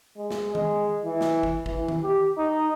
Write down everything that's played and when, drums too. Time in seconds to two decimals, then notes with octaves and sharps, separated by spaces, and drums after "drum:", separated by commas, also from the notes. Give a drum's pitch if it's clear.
0.18 G#3
0.31 drum: snare
0.55 G#3, drum: tom D#3
1.05 E3
1.21 drum: snare
1.43 drum: kick
1.66 E3, drum: kick
1.88 drum: tom D#3
2.03 G4
2.38 D#4